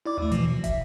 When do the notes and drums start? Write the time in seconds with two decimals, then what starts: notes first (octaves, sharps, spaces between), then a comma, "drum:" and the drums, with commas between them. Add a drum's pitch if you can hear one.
0.06 E4 D5 D6
0.18 D#2 A3
0.32 B2 E3 F3, drum: hi-hat
0.48 B2
0.64 E5, drum: kick, hi-hat